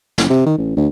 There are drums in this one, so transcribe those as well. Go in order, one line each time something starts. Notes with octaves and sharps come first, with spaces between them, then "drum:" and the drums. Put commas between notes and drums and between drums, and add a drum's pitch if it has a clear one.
F#1, drum: snare
C3
D#3
A1
D2